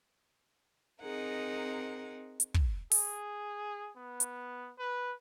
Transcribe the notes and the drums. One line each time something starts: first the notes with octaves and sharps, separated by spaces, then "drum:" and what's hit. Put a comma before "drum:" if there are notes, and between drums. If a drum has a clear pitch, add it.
C4 D#4 G#4 A#4 F#5
drum: hi-hat
drum: kick
G#4, drum: open hi-hat
B3
drum: hi-hat
B4